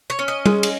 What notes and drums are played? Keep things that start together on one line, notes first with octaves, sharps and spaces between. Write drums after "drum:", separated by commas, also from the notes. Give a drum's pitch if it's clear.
C#5
C#4
D#5
G#3, drum: tom
drum: cymbal